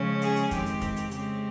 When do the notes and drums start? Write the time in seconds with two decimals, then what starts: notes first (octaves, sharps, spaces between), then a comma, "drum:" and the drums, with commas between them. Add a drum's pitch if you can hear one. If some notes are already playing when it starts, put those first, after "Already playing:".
Already playing: C#3 F3 G#3 C#4
0.22 G#4, drum: hi-hat
0.36 drum: hi-hat
0.51 F2 D#3 G#3 C4 G4, drum: kick, hi-hat
0.66 drum: hi-hat
0.81 drum: kick, hi-hat
0.97 drum: hi-hat
1.11 C#3 G#3 C4 G4, drum: hi-hat